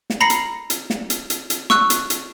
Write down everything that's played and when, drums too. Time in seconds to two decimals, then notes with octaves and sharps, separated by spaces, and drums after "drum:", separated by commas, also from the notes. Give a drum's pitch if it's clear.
0.10 drum: snare
0.21 A#5 B5 A#6 C7 C#7 F#7
0.30 drum: hi-hat
0.70 drum: hi-hat
0.90 drum: snare
1.10 drum: hi-hat
1.30 drum: hi-hat
1.50 drum: hi-hat
1.70 C#6 E6 F#6, drum: snare
1.90 drum: hi-hat
2.10 drum: hi-hat